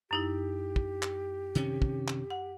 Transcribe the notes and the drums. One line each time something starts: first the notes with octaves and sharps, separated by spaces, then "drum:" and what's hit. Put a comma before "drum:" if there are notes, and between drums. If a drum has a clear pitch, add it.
F#2 D#4 E4 G4
drum: kick
drum: clap
C3 D#3 C#4, drum: hi-hat
drum: kick
drum: clap
F#5